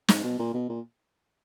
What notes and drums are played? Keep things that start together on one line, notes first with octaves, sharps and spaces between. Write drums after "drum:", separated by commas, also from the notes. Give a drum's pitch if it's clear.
G#2, drum: snare
B2
A#2
B2
A#2